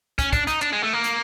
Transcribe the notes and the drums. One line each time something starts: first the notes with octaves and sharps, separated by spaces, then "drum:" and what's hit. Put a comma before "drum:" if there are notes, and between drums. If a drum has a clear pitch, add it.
C#4, drum: kick, hi-hat
D4, drum: kick, hi-hat
D#4, drum: hi-hat
D4, drum: clap
G#3
A3
A#3
drum: hi-hat